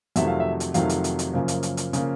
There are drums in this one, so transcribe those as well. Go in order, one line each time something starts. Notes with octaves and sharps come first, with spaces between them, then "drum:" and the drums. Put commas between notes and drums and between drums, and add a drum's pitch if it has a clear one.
F2 C3 D#3 F#3 A3 E5, drum: hi-hat
F5
E5
drum: hi-hat
F2 C3 D#3 F#3 A3 F5, drum: hi-hat
drum: hi-hat
drum: hi-hat
drum: hi-hat
F#2 C#3 F3 A#3
drum: hi-hat
drum: hi-hat
drum: hi-hat
C#3 F3 A#3, drum: hi-hat